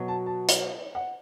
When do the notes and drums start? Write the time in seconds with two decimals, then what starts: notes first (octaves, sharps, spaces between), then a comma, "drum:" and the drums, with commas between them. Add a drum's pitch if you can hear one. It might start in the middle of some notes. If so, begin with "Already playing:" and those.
Already playing: B2 F#3
0.08 A5
0.26 A5
0.49 drum: hi-hat
0.95 F#5